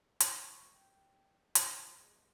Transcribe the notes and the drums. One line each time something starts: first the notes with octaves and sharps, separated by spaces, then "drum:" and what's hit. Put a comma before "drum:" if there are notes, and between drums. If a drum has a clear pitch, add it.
C#6, drum: hi-hat
G5
A#2, drum: hi-hat
G#3